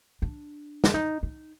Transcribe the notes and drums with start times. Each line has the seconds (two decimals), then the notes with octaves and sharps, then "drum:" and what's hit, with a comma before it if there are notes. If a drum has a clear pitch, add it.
0.22 D4
0.84 drum: snare
0.94 D#4
1.23 D#4